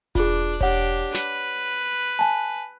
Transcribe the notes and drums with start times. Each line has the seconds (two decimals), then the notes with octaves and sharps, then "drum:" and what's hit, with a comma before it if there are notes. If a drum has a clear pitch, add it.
0.15 D4 F4 G#4, drum: kick E1
0.61 D4 G4 C#5 F#5, drum: kick E1
1.15 B4, drum: snare
2.19 G#5 A5